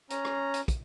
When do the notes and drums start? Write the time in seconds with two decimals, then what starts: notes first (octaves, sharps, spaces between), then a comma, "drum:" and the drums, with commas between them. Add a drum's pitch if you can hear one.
0.10 C#4 A#5, drum: hi-hat
0.25 drum: rim click
0.54 drum: hi-hat
0.68 drum: kick, hi-hat